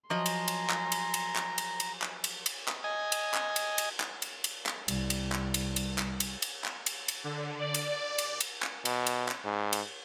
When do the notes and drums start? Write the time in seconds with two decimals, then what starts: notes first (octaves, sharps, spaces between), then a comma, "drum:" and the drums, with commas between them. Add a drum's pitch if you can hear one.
0.10 F3 F#3 D#5 G#5 A#5 C6
0.26 drum: cymbal
0.48 drum: cymbal
0.70 drum: clap
0.92 drum: cymbal
1.14 drum: cymbal
1.36 drum: clap
1.58 drum: cymbal
1.80 drum: cymbal
2.02 drum: clap
2.24 drum: cymbal
2.46 drum: cymbal
2.68 drum: clap
2.84 D#5 G#5
3.12 drum: cymbal
3.34 drum: clap
3.56 drum: cymbal
3.78 drum: cymbal
4.00 drum: clap
4.22 drum: cymbal
4.44 drum: cymbal
4.66 drum: clap
4.88 C2 G3, drum: cymbal
5.10 drum: cymbal
5.32 drum: clap
5.54 drum: cymbal
5.76 drum: cymbal
5.98 drum: clap
6.20 drum: cymbal
6.42 drum: cymbal
6.64 drum: clap
6.86 drum: cymbal
7.08 drum: cymbal
7.24 D3
7.59 D5
7.74 drum: cymbal
7.89 D5
8.18 drum: cymbal
8.40 drum: cymbal
8.63 drum: clap
8.85 B2, drum: cymbal
9.07 drum: cymbal
9.29 drum: clap
9.45 G#2
9.73 drum: cymbal